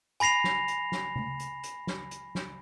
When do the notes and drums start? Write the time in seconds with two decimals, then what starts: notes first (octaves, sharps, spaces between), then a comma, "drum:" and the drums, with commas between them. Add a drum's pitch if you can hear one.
0.20 G#5 B5 A#6 C7 F7, drum: hi-hat
0.44 drum: snare
0.68 drum: hi-hat
0.92 drum: snare
1.16 drum: tom C3
1.40 drum: hi-hat
1.63 drum: hi-hat
1.87 drum: snare
2.11 drum: hi-hat
2.35 drum: snare